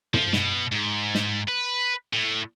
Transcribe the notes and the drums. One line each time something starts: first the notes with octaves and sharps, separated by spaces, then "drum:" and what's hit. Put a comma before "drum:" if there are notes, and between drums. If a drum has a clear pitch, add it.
F3, drum: tom
B2, drum: snare
G#2
drum: snare
B4
A2